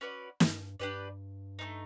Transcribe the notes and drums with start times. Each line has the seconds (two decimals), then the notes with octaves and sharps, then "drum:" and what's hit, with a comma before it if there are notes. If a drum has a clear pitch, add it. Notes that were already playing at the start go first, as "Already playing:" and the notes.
0.01 C#4 F#4 B4 D5
0.40 G2, drum: snare
0.80 G2 D4 G4 B4 D5
1.59 A3 C4 D#4